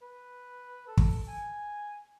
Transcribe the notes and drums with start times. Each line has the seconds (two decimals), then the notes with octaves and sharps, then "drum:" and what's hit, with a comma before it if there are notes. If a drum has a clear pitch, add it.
0.02 B4
0.87 A4
0.97 drum: kick
1.27 G#5